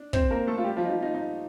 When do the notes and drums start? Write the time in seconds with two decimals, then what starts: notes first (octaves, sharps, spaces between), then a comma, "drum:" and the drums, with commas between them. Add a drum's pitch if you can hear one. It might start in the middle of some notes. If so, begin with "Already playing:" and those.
Already playing: D4
0.13 C4 C5, drum: kick
0.30 A#3 A#4
0.47 A3 A4
0.58 F4
0.64 G3 G4
0.76 F3 F4
0.85 D#4
0.90 F3 F4
1.02 D#4
1.15 D#4